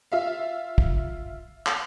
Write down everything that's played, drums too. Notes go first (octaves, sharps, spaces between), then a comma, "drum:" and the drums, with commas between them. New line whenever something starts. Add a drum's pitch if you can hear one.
F4 E5 F5
drum: kick
drum: clap